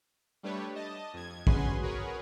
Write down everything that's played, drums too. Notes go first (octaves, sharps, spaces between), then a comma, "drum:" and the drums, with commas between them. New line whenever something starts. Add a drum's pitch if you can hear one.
G3 A3 D4 G4 B4 C#5
D#5 A5
F2 G#6
C#4 F#4 G#4 B4 G#5 C6, drum: kick
F#4 G#4 A#4 B4 C#5